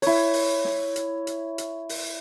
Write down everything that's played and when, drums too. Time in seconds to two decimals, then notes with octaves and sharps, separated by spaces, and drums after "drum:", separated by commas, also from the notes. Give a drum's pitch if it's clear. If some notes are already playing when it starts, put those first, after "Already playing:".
0.02 E4 C#5, drum: open hi-hat
0.33 drum: open hi-hat
0.65 drum: snare
0.96 drum: hi-hat
1.27 drum: hi-hat
1.58 drum: hi-hat
1.89 drum: open hi-hat